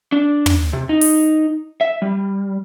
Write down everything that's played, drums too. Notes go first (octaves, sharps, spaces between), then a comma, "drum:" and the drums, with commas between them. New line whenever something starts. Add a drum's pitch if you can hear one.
D4
drum: tom
C3
D#4
drum: open hi-hat
E5
G3